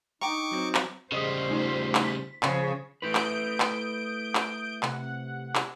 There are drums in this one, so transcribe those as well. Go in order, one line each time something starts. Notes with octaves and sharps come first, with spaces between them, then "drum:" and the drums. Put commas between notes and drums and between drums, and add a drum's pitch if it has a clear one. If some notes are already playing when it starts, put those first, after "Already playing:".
D4 D#4 G5 A#5 C#6 D6
F#3 C4
drum: clap
C#3 G3 G#4 C5 D#5 D#6
A3 D#4 F4
drum: clap
B6
C#3 F3 G#4 C5, drum: clap
A3 E4 B4 D#6 G6 D7
drum: clap
drum: clap
drum: clap
C3 F#5, drum: clap
drum: clap